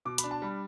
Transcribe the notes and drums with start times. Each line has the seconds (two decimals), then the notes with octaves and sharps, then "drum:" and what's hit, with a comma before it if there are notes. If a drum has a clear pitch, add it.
0.05 B2 D6
0.18 B5, drum: hi-hat
0.24 D4
0.31 A5
0.42 G3 B5